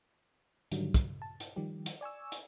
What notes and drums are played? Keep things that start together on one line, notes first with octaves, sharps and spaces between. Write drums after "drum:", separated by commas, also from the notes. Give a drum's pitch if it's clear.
G#2 D3 D#3 F#3 G3, drum: hi-hat
drum: kick, hi-hat
A5
drum: hi-hat
D#3 F3 G3 G4
drum: hi-hat
D5 G#5 C#6 E6
drum: hi-hat